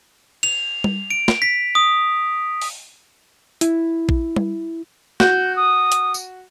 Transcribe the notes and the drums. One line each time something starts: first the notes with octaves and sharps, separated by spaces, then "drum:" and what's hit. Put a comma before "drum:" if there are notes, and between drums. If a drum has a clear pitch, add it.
F7, drum: cymbal
drum: tom G3
D7
drum: snare
B6
D#6
drum: open hi-hat
E4, drum: hi-hat
drum: kick A#1
drum: tom G3
F#4 G6, drum: snare
D#6
drum: hi-hat
drum: tambourine